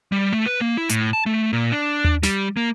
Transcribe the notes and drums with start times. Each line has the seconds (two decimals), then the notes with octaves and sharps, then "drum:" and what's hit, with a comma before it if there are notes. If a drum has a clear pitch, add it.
0.12 G3
0.33 A3
0.46 B4
0.61 A#3
0.77 E4
0.89 A2, drum: hi-hat
1.13 A5
1.26 A3
1.53 A#2
1.72 D4
2.04 drum: tom D#2
2.23 G3, drum: snare
2.57 A#3